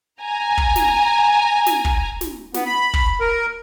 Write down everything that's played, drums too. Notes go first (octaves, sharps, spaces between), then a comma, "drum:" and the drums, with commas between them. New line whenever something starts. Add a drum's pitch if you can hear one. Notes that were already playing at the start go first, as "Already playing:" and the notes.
G#5 A#5
drum: kick
drum: snare
drum: snare
drum: kick
drum: snare
B3, drum: snare
B5
drum: kick
A#4